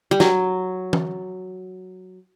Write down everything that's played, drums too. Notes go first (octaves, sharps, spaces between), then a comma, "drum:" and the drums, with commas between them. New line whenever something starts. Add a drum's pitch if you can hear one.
G3
F#3, drum: snare
drum: tom E3